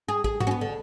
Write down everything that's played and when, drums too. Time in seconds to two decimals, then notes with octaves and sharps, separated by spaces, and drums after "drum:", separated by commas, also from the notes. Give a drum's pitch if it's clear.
0.08 G#4
0.24 G#4, drum: kick
0.40 F#4, drum: tom G#2
0.47 C#4
0.51 B3
0.61 D3